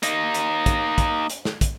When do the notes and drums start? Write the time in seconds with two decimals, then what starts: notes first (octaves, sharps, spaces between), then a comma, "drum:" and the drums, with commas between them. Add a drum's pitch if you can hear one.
0.03 A#3 D#4, drum: hi-hat
0.34 drum: hi-hat
0.66 drum: kick, hi-hat
0.98 drum: kick, hi-hat
1.30 drum: hi-hat
1.45 drum: snare
1.61 drum: kick, hi-hat